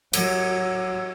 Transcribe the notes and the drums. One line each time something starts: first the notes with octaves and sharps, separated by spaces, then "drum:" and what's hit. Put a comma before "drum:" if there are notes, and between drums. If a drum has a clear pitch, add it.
F#3, drum: cymbal